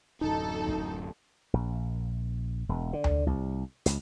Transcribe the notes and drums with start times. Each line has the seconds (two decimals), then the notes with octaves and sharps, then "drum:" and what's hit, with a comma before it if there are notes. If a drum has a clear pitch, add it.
0.21 D1 F#2 D#4 A4
0.68 drum: kick
1.53 A#1
2.69 E1
2.93 D3
3.04 drum: tom D2
3.27 C2
3.86 C#2, drum: hi-hat